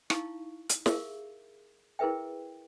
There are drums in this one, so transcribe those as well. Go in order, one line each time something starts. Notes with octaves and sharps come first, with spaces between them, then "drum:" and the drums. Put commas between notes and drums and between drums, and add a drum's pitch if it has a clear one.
D#4 E4 F5 C#6, drum: rim click
drum: hi-hat
G4 G#4 A#4 E5 F5, drum: snare
E4 G#4 A#4 B4 E5 G5